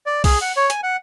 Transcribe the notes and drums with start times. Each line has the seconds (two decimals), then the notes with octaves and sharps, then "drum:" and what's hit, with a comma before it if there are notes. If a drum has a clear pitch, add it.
0.06 D5
0.24 G#4, drum: kick, open hi-hat
0.41 F#5
0.57 C#5
0.70 G#5, drum: hi-hat
0.83 F#5